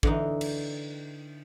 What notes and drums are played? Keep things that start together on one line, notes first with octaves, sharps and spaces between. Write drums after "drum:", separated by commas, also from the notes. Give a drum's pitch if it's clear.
D3 E3 D#4, drum: kick
drum: cymbal